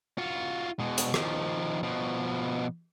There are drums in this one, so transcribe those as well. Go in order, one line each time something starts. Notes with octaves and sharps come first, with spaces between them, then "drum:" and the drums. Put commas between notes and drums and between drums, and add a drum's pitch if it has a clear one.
F4 F#4
B2 G#3
drum: hi-hat
D#3 F3, drum: rim click
B2 F3